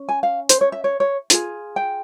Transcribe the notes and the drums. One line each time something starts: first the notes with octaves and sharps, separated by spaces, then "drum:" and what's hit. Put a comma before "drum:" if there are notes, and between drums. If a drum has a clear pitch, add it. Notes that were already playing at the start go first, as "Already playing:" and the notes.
Already playing: C#4
G#5
F5
C5, drum: hi-hat
C#5
E5
C#5
C#5
F4 G#4, drum: hi-hat
G5